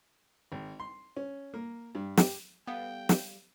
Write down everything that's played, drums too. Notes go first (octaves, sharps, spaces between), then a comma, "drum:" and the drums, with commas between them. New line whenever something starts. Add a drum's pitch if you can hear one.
G#1
C6
C#4
A#3
G2
G4, drum: snare
G3 B3 A4 F5 G5
drum: snare